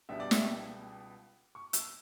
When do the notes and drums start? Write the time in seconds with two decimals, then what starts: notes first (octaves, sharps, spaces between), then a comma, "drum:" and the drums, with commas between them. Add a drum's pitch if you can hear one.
0.09 C#2 B2 G3 B3 D4 E5
0.20 D5
0.31 E5, drum: snare
1.55 C#6
1.73 E6, drum: hi-hat